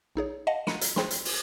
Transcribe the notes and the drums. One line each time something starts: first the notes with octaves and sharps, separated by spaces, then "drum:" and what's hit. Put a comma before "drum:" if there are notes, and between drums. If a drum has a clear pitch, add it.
A#1 D#4 G#4 C#5
D#5 F5 F#5 A5
A#5 B5 C#7 D#7, drum: snare
drum: hi-hat
G#4 C5 G5 B5 C6, drum: snare
drum: hi-hat
drum: open hi-hat